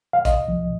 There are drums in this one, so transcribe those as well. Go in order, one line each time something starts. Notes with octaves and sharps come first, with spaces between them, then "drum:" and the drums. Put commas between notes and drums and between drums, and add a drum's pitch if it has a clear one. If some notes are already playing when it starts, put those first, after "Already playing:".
F5
C2 D#5, drum: kick A1, hi-hat
F3